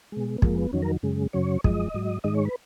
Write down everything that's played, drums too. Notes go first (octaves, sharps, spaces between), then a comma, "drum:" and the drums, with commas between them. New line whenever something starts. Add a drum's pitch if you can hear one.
B2 G#3
B3
F2 F3 G#3 A#3, drum: kick
B3
F2 D#3 F#3 C#4
A#4
F#2 C#3 G#3
F#2 C#3 F#3 C#5
F#2 F3 G#3 D#5, drum: kick
G#2 F#3
G#2 D#3 G#3 D#5
C#5
B4